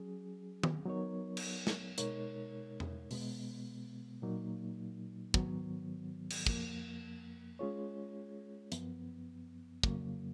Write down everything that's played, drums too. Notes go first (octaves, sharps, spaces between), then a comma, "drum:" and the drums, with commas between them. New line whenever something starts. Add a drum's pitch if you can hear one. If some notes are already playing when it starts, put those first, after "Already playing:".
Already playing: F#3 C#4 G#4
drum: tom D#3
F#3 B3 D#4 A#4 C#5
drum: cymbal
drum: snare
B2 G#3 D#4 A#4 C#5, drum: hi-hat
drum: tom E2
B2 G#3 B3, drum: open hi-hat
A#2 F#3 A#3 D#4
G#2 D#3 F#3 B3, drum: kick
drum: cymbal
F2 F3 A#3, drum: kick
G#3 C#4 F4 G#4 C#5
F#2 F3 B3, drum: hi-hat
F2 C#3 F#3 A#3, drum: kick